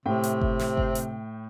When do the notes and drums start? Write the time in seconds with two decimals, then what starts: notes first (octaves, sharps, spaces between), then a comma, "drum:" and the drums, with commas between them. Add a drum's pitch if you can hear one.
0.06 A2 C3 G5
0.24 drum: hi-hat
0.41 drum: kick G1
0.59 drum: snare
0.77 drum: kick G1
0.95 drum: hi-hat